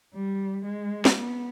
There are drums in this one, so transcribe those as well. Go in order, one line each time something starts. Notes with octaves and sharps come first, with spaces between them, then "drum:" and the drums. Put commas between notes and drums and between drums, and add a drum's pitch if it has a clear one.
G3
G#3
drum: snare
B3